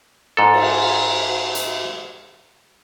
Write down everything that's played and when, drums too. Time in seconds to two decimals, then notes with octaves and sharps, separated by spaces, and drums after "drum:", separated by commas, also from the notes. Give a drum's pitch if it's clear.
0.37 G#2 A4
0.54 drum: cymbal
1.55 drum: hi-hat